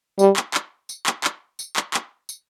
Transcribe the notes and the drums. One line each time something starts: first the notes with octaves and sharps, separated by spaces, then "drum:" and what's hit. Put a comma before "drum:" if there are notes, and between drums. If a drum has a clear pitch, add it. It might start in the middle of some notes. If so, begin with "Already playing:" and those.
G3, drum: tambourine
drum: clap
drum: clap
drum: tambourine
drum: clap
drum: clap
drum: tambourine
drum: clap
drum: clap
drum: tambourine